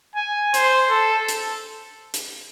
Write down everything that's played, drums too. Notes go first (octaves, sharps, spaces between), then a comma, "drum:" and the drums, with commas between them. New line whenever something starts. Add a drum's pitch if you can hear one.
G#5
C5, drum: hi-hat
A4
drum: hi-hat
drum: hi-hat